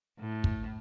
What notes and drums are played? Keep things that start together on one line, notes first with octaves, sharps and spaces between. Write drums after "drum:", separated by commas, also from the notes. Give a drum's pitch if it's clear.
A2
drum: kick